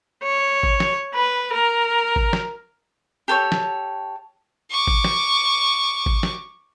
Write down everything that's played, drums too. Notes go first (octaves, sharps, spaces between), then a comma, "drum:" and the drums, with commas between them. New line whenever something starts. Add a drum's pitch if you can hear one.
C#5
drum: kick G#1
drum: snare
B4
A#4
drum: kick G#1
drum: snare
G4 A4 C5 C#5
drum: snare
C#6 D6
drum: kick G#1
drum: snare
drum: kick G#1
drum: snare